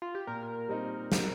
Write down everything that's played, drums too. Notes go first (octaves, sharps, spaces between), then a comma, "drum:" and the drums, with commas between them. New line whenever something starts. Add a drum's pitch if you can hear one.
F4
G4
A#2 A#4
G3 C4 D#4
C3, drum: snare